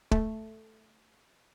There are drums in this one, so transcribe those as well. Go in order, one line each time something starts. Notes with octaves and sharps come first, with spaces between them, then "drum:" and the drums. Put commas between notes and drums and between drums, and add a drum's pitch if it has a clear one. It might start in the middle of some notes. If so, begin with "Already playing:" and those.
A3, drum: kick